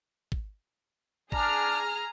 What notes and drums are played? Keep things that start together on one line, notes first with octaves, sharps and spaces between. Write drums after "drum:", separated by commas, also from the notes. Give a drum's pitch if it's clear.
drum: kick
D4 G#4 A#5 F6, drum: kick